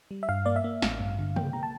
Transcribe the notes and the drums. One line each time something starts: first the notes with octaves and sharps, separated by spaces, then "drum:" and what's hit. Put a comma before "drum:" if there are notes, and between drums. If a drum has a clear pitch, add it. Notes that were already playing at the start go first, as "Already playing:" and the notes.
G3
E5
G2 F5
A#3 D5
E5
A#3
A1 F5, drum: snare
G2
D3
A#3 G5, drum: tom
A#3 A#5
A5